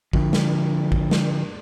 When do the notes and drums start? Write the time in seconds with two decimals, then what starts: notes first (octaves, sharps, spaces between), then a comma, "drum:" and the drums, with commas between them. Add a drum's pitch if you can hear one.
0.13 D3 F3, drum: kick A1
0.33 drum: snare
0.92 drum: kick A1
1.11 drum: snare